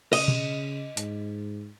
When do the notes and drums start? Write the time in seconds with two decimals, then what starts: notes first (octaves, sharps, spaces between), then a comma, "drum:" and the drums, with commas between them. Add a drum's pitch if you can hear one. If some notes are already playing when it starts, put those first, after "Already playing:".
0.13 C#3 D#5, drum: cymbal
0.28 drum: tom B2
0.97 G#2, drum: hi-hat